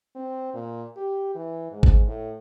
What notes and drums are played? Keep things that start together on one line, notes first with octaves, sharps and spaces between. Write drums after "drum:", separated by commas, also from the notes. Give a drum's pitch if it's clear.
C4
A#2
G4
E3
G#2
drum: kick G1
A2